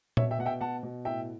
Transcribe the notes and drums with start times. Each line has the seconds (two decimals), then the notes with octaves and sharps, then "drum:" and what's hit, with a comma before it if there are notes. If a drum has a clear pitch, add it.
0.17 B2 C#5 E5, drum: tom A#2
0.31 E5 G5
0.39 B2 F#5
0.46 E5 G5
0.61 B2 F#5 A5
0.83 B2
1.05 A2 E5 G5